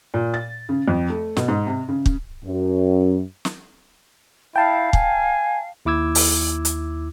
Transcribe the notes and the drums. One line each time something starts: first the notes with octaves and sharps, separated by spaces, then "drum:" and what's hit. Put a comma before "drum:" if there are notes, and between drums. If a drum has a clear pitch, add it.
A#2
A6
C#3
F2
A3
B2, drum: snare
G#2
C3
C#3
drum: kick
F#2
drum: snare
E4 F5 G5 A5
G#5, drum: kick
D#2 E4 D6 E6 G#6
drum: open hi-hat
drum: hi-hat